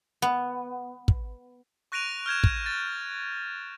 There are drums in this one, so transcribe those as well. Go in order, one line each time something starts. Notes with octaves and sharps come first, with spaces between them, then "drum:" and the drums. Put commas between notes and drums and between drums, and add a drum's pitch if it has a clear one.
B3
drum: kick
C#6 F#6 A#6 D7 D#7 F7
F6 G6 G#6 E7
drum: kick
A6